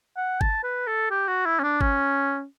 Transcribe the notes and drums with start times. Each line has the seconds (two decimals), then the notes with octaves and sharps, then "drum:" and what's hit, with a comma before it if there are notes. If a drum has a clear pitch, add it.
0.17 F#5
0.41 A5, drum: kick G1
0.63 B4
0.87 A4
1.11 G4
1.28 F#4
1.46 E4
1.59 C#4
1.63 D4
1.81 C#4, drum: kick G1